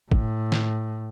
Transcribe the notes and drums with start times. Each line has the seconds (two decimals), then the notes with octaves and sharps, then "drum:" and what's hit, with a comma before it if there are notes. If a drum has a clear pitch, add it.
0.12 A2, drum: kick
0.52 drum: snare